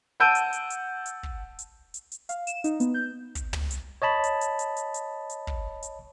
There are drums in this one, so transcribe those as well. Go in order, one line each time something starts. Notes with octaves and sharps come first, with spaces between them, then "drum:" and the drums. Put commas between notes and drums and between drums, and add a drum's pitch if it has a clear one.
F#5 A5 E6 G6 D7 D#7
drum: hi-hat
drum: hi-hat
drum: hi-hat
drum: hi-hat
drum: kick
drum: hi-hat
drum: hi-hat
drum: hi-hat
F5, drum: hi-hat
E7, drum: hi-hat
D#4, drum: hi-hat
B3, drum: hi-hat
G6
drum: kick, hi-hat
drum: tom
drum: hi-hat
C#5 D#5 A5 B5
drum: hi-hat
drum: hi-hat
drum: hi-hat
drum: hi-hat
drum: hi-hat
drum: hi-hat
drum: kick
drum: hi-hat